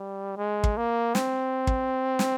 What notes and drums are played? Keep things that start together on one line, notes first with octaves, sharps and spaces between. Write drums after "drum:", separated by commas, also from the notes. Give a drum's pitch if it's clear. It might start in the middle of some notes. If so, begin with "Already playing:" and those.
Already playing: G3
G#3
drum: kick
A#3
C4, drum: snare
drum: kick
drum: snare